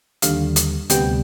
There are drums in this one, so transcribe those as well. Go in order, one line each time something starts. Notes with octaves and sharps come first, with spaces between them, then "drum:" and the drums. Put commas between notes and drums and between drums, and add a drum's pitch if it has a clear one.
D#2 D3 G3 F5, drum: hi-hat
drum: hi-hat
D2 C3 G3 B3 G5, drum: hi-hat